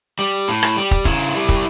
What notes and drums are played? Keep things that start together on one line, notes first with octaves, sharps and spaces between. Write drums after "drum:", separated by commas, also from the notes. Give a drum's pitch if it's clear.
G3
A2
drum: rim click
G3
drum: kick
C#3 E4, drum: kick
G3
drum: kick